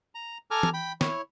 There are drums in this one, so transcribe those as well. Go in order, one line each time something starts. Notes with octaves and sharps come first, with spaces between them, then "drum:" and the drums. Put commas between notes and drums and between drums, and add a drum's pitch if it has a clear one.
A#5
A4 G#5 A#5 D6 F6
drum: tom E3
G5 B5
E4 C#5, drum: snare